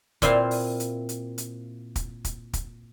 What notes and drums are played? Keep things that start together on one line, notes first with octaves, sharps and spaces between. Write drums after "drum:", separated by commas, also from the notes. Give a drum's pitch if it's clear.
A#2 C4 E4 F4 C5 F5, drum: kick, hi-hat
drum: open hi-hat
drum: hi-hat
drum: hi-hat
drum: hi-hat
drum: kick, hi-hat
drum: kick, hi-hat
drum: kick, hi-hat